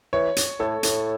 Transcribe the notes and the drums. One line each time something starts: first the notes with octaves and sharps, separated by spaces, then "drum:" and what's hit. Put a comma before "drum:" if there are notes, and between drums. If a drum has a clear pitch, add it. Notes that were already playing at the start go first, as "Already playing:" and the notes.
E3 C#5
drum: hi-hat
A2 A4
A2, drum: hi-hat